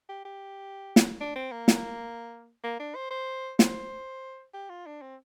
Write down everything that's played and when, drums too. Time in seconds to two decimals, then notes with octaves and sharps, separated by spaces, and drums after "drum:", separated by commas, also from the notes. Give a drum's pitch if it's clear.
0.09 G4
0.25 G4
0.96 drum: snare
1.21 D4
1.36 C4
1.52 A#3
1.68 drum: snare
2.64 A#3
2.80 D4
2.95 C5
3.11 C5
3.59 C5, drum: snare
4.54 G4
4.69 F4
4.86 D4
5.02 C4